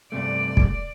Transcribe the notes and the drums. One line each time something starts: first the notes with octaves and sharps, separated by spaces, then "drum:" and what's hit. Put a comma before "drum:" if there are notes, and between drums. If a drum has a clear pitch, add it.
G2 C3 A3 D5
drum: kick